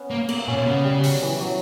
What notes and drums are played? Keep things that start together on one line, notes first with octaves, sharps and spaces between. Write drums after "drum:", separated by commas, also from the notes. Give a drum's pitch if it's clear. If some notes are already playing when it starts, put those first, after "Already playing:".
Already playing: B3 C#4
A#3
A#3, drum: cymbal
B2 C#4
C#3 B3
G3
F#3, drum: open hi-hat
E3
F#3